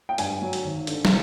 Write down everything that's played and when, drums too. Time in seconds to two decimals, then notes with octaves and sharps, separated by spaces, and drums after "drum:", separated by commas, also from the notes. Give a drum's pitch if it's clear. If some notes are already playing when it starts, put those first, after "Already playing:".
0.09 G5
0.18 G2 G#5, drum: hi-hat
0.42 F#3
0.53 drum: hi-hat
0.64 G#1
0.87 D3, drum: hi-hat
1.05 drum: snare